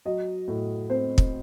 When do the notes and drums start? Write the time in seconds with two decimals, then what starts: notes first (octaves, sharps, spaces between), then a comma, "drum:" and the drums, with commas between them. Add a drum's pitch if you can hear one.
0.05 F#3 D#5
0.48 A2
0.90 C4 C5
1.18 drum: kick